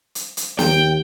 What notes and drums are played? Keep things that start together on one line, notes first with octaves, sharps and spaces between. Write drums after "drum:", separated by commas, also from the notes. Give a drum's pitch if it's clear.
drum: hi-hat
drum: hi-hat
D#2 G5, drum: snare